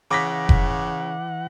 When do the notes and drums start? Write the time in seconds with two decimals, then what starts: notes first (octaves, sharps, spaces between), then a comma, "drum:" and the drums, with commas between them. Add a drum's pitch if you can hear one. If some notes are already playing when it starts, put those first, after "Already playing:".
0.11 C#3 E3 F#5 D6 A#6 B6
0.49 drum: kick F1